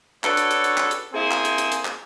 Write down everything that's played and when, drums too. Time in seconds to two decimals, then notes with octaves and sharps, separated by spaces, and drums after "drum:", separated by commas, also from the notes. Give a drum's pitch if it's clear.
0.24 D4 F#4 A4 B4 C#5, drum: clap
0.37 drum: hi-hat
0.51 drum: hi-hat
0.64 drum: hi-hat
0.78 drum: clap
0.91 drum: hi-hat
1.13 A#3 C4 E4 G#4
1.31 drum: clap
1.45 drum: hi-hat
1.58 drum: hi-hat
1.72 drum: hi-hat
1.85 drum: clap